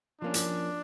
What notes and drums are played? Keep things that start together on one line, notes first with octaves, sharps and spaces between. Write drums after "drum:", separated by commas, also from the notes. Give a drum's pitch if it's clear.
F3 A#3 C#4 D4
drum: hi-hat